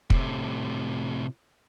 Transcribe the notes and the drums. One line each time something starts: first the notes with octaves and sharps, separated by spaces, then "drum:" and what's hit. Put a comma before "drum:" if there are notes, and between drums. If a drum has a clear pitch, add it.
A2 C3, drum: kick